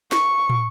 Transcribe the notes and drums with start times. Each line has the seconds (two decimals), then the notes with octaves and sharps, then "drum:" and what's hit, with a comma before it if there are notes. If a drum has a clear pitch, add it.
0.12 C#6, drum: snare
0.50 drum: tom